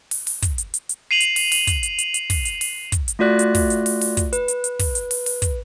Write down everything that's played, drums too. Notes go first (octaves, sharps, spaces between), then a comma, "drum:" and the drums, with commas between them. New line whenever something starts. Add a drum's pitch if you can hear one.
drum: open hi-hat
drum: open hi-hat
drum: kick, hi-hat
drum: hi-hat
drum: hi-hat
drum: hi-hat
C7 D#7 F7 F#7
drum: hi-hat
drum: open hi-hat
drum: open hi-hat
drum: kick, hi-hat
drum: hi-hat
drum: hi-hat
drum: hi-hat
drum: kick, open hi-hat
drum: hi-hat
drum: open hi-hat
drum: kick, hi-hat
drum: hi-hat
A3 F4 F#4 D5 F#6 A#6
drum: hi-hat
drum: kick, open hi-hat
drum: hi-hat
drum: open hi-hat
drum: open hi-hat
drum: kick, hi-hat
B4, drum: hi-hat
drum: hi-hat
drum: hi-hat
drum: kick, open hi-hat
drum: hi-hat
drum: open hi-hat
drum: open hi-hat
drum: kick, hi-hat